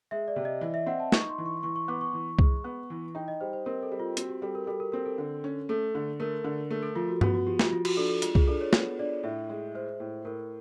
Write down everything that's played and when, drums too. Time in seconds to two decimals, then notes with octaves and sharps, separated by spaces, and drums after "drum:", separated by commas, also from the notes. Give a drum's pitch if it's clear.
0.11 G#3 E5
0.28 D5
0.36 C3
0.45 D#5
0.61 E3
0.74 E5
0.86 C4 F#5
1.00 A5
1.12 D#4 C#6, drum: snare
1.30 C6
1.38 E3
1.46 C#6
1.63 E3 C#6
1.76 C#6
1.88 B3 D6
2.01 C#6
2.13 E3
2.39 G#3, drum: kick C2
2.64 B3
2.90 E3
3.15 D#4 G5
3.28 D#5
3.41 G3 C5
3.53 C5
3.66 C4 A#4
3.83 A4
3.91 G3
4.00 F4
4.17 C4 F#4, drum: hi-hat
4.29 G4
4.42 G3 A4
4.55 A#4
4.67 G3 A4
4.80 A#4
4.92 C4 A#4
5.06 A4
5.18 D3
5.44 C#4
5.69 A3 A4
5.95 D3
6.20 A3 A#4
6.44 D3
6.70 A3 A#4
6.83 A4
6.96 F3 F4
7.08 F#4
7.21 B3 F#4, drum: tom G2
7.34 F#4
7.47 F3 G4
7.59 F4, drum: snare
7.71 F3 F4
7.85 F#4, drum: cymbal
7.97 D4 A4
8.09 A4
8.22 G#3 F4, drum: hi-hat
8.35 G#4, drum: kick C2
8.47 D4 A4
8.61 C#5
8.73 B3 C#5, drum: snare
8.99 D4 D5
9.23 A2 E5
9.49 G#3
9.74 G#3 C5
10.00 A2
10.25 A2 A#4